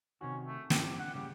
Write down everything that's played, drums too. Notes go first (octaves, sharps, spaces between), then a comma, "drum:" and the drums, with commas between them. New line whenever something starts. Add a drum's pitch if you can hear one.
C3 D#3 C#4 F#4
A3
G2 C4 E4 G4, drum: snare
D3 F#5
C#3 G3 G4